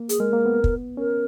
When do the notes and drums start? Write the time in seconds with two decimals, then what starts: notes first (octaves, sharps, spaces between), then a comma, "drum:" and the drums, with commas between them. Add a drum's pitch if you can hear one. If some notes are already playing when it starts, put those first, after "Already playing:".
Already playing: A#3
0.09 G#4, drum: hi-hat
0.20 G#3 A#4
0.33 A#3
0.46 B3
0.64 drum: kick
0.97 C#4 A#4